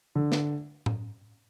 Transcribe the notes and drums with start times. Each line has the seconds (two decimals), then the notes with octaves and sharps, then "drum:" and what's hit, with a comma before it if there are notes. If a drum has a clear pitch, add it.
0.15 D3
0.32 drum: snare
0.86 drum: tom A2